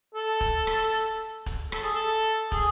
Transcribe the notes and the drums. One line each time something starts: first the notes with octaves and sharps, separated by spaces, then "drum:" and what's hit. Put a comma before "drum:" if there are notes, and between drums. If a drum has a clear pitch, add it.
A4
drum: kick, hi-hat
drum: rim click
drum: hi-hat
drum: kick, hi-hat
A4, drum: rim click
G#4
A4
G#4, drum: kick, hi-hat